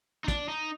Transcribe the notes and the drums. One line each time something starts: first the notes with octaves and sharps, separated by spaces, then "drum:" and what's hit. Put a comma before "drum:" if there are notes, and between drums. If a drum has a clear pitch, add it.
D#4
D4, drum: kick, hi-hat
D#4